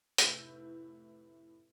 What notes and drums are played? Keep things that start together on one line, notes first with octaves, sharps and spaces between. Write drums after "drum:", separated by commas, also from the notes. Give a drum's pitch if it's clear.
F1 A2 E4 B4 E6 G6, drum: hi-hat